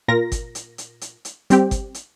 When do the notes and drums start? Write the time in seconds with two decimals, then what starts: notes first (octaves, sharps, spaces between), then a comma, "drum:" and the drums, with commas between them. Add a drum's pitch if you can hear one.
0.08 A#2 F4 A#4 A#6
0.32 drum: kick G1, hi-hat
0.55 drum: hi-hat
0.78 drum: hi-hat
1.01 drum: hi-hat
1.25 drum: hi-hat
1.50 G3 C4 G4, drum: hi-hat
1.71 drum: kick G1, hi-hat
1.94 drum: hi-hat